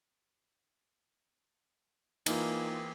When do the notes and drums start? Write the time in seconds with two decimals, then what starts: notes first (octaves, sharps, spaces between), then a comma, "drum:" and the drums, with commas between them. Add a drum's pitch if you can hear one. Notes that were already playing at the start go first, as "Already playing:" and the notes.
2.26 E3 A#3 C4 D#4 F4 G4 G#4, drum: cymbal